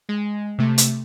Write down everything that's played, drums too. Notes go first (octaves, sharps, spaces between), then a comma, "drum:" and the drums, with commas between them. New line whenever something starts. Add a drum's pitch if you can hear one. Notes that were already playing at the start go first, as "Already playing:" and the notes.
G#3
C3 A3
drum: hi-hat